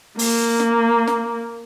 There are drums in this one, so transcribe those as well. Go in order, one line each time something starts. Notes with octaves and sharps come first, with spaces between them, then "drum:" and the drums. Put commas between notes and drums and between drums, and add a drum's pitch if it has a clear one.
A#3, drum: open hi-hat
drum: snare
drum: snare